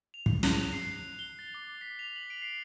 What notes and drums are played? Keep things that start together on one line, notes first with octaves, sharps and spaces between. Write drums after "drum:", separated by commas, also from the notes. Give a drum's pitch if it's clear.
F7
drum: kick
F#6, drum: snare
C7
G7
A6
D6
B6
F7
F#7
D7
C7